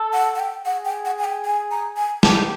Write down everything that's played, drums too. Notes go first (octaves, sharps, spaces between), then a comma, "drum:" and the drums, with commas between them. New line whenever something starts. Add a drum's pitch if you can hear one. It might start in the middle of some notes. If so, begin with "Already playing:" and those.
Already playing: A4
F#5
F#5
G5
G#4 F#5
G5
F#5
G#5
G5
G#5
A#5
G#5
G4 A5, drum: snare